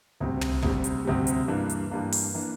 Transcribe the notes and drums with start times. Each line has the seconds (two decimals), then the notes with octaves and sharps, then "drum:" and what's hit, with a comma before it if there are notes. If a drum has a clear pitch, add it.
0.20 D2 C3 G3
0.41 drum: tom
0.62 D2 C3 G3, drum: kick
0.84 drum: hi-hat
1.05 D2 C3 G3
1.27 drum: hi-hat
1.48 G2 E3 A#3 D4
1.70 drum: hi-hat
1.91 G2 E3 A#3 D4
2.12 drum: open hi-hat
2.34 E3 A#3 D4